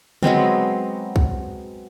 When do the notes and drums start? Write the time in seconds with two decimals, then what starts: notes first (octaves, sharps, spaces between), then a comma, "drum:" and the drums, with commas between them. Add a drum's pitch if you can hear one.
0.23 F#3 G#3 B3 C4, drum: tom C3
1.16 drum: kick